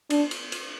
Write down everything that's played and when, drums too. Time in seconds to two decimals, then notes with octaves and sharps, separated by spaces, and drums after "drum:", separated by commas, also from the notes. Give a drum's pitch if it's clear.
0.10 D4, drum: cymbal
0.31 drum: cymbal
0.52 drum: cymbal